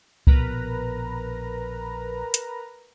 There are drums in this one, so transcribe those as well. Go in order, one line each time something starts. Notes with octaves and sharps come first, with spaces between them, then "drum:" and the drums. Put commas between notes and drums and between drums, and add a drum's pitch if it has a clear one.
A#1 B2 A#4 B4 A#5, drum: kick C2
drum: hi-hat